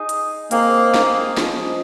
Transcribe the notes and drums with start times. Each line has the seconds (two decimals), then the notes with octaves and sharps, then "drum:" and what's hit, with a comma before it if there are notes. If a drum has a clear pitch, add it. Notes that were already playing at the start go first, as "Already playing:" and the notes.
Already playing: D#4 G#4 D#5
0.09 drum: hi-hat
0.51 A#3 C4 D#4 G#4, drum: hi-hat
0.94 drum: snare
1.37 F3 G#3 C#4, drum: snare